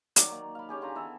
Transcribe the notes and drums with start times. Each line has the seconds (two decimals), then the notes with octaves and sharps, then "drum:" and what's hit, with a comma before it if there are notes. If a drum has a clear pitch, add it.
0.16 D#3 F#3 D5, drum: hi-hat
0.31 A#3
0.55 F5 B5
0.69 C#4 G4 G#4
0.81 D3 F4 G#5 A#5
0.95 E3 B3 A4 E5